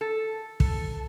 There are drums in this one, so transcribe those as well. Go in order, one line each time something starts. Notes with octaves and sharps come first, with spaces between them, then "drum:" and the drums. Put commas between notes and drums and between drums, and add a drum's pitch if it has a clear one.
A4
A4, drum: kick